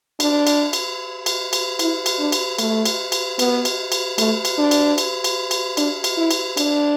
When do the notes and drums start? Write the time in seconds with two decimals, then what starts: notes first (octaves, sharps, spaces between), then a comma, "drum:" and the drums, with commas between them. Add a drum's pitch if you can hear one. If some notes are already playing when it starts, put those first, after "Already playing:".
0.20 D4, drum: cymbal
0.47 drum: cymbal
0.73 drum: cymbal
1.26 drum: cymbal
1.53 drum: cymbal
1.79 E4, drum: cymbal
2.06 drum: cymbal
2.19 D4
2.32 drum: cymbal
2.59 A3, drum: cymbal
2.85 drum: cymbal
3.12 drum: cymbal
3.39 B3, drum: cymbal
3.65 drum: cymbal
3.92 drum: cymbal
4.18 A3, drum: cymbal
4.45 drum: cymbal
4.58 D4
4.71 drum: cymbal
4.98 drum: cymbal
5.24 drum: cymbal
5.51 drum: cymbal
5.77 D4, drum: cymbal
6.04 drum: cymbal
6.18 E4
6.31 drum: cymbal
6.57 D4, drum: cymbal